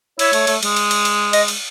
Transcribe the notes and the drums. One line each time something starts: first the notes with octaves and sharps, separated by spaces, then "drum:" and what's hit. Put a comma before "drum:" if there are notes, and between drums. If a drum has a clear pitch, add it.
E4 C#5, drum: cymbal
A3, drum: cymbal
A3, drum: cymbal
G#3, drum: cymbal
drum: cymbal
drum: cymbal
drum: cymbal
D#5, drum: cymbal
drum: cymbal